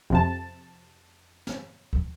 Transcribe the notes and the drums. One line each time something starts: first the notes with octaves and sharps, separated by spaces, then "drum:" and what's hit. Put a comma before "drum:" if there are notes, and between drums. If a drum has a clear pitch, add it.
F2 C3 A5
drum: snare
drum: kick